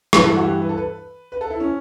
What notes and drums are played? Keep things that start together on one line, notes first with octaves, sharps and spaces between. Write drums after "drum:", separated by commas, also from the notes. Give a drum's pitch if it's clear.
G2 E3 B4, drum: rim click
A4
F#4
G4
B4
A4
B4
B4
A4
E4
C#4